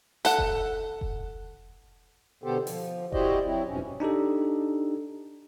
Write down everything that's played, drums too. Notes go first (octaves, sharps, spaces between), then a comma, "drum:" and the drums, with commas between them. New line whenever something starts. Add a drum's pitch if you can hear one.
A4 F#5, drum: hi-hat
drum: kick F1
drum: kick F1
B2 D3 B3 G4 A4 C5
F3, drum: open hi-hat
E4 F#4 G4 C5 D5 D#5, drum: kick F1
F#3 C4 E4
F2 G#2 B2 C#4
D4 D#4 G4 A4